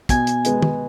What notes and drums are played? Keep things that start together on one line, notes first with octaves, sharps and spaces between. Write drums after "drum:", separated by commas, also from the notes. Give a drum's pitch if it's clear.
B2 G#5, drum: kick, hi-hat
drum: hi-hat
G#3 B3, drum: hi-hat
drum: tom